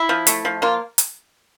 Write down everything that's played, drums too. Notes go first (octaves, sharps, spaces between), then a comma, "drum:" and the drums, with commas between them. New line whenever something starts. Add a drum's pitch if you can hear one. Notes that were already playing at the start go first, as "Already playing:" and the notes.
Already playing: E4
F3
A3, drum: hi-hat
F3
A#3 F4
drum: hi-hat